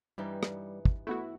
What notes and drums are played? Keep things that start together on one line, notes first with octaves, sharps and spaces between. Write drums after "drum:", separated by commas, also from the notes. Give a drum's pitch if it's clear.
G2 E3 G3 D#4
drum: rim click
drum: kick
A3 B3 E4 F#4